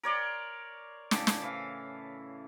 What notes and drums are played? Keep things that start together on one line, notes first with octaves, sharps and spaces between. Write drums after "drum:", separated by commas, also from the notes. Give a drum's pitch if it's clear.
A#4 C#5 D5 C6
A2 C#3 A5 D6, drum: snare
drum: snare
E3 F5